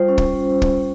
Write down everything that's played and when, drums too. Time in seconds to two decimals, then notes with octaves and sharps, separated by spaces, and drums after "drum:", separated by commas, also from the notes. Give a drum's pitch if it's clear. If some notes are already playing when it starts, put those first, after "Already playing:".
Already playing: G3 F4 C5
0.08 C#4
0.18 drum: kick
0.62 drum: kick